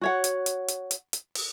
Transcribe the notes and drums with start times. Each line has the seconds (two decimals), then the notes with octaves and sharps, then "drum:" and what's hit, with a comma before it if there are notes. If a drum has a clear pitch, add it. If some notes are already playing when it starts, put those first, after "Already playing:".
0.01 F#4 C#5 F#5
0.24 drum: hi-hat
0.46 drum: hi-hat
0.68 drum: hi-hat
0.91 drum: hi-hat
1.13 drum: hi-hat
1.35 drum: open hi-hat